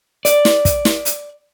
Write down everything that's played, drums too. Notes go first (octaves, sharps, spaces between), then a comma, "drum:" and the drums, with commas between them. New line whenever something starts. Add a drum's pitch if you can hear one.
D5, drum: hi-hat
drum: snare
drum: kick, hi-hat
drum: snare
drum: hi-hat